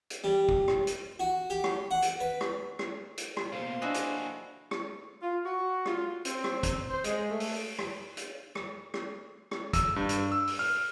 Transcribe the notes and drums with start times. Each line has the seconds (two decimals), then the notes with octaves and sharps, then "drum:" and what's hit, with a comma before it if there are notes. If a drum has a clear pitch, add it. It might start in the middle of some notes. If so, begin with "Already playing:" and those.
0.10 drum: hi-hat
0.24 G3
0.49 drum: kick
0.68 drum: rim click
0.87 drum: hi-hat
1.20 F#4
1.50 G4
1.64 drum: rim click
1.91 F#5
2.02 drum: hi-hat
2.20 B4
2.41 drum: rim click
2.79 drum: rim click
3.18 drum: hi-hat
3.37 drum: rim click
3.52 B2 A#3 C5 F5
3.82 A#3 D4 E4 F#4 G#4 D#5
3.94 drum: hi-hat
4.71 drum: rim click
5.22 F4
5.44 F#4
5.86 F4, drum: rim click
6.25 C4, drum: hi-hat
6.44 drum: rim click
6.63 drum: kick, hi-hat
6.90 C5
7.04 G#3, drum: hi-hat
7.30 A3
7.40 drum: open hi-hat
7.79 drum: rim click
8.17 drum: hi-hat
8.55 drum: rim click
8.94 drum: rim click
9.51 drum: rim click
9.73 E6, drum: kick, hi-hat
9.96 G2
10.09 drum: hi-hat
10.32 E6
10.47 drum: open hi-hat
10.59 F6